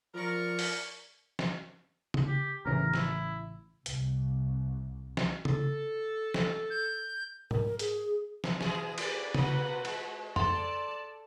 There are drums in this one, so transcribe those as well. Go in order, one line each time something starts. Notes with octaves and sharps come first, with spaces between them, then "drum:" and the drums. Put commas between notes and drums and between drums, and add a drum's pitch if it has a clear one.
F3 A#4 D5 C#6
drum: open hi-hat
drum: snare
drum: tom C#3
G4
A1 C#3 E3 A#4
E4, drum: snare
C2, drum: hi-hat
drum: snare
A4, drum: tom C#3
drum: snare
G6
A#4, drum: tom G#2
G#4, drum: hi-hat
drum: snare
A#2 E3 G#4, drum: snare
G4 A#4 B4 D5, drum: cymbal
B2 A#3 F#4 B4 F#5, drum: tom C#3
G#3, drum: cymbal
A4 D5 A5 C6, drum: tom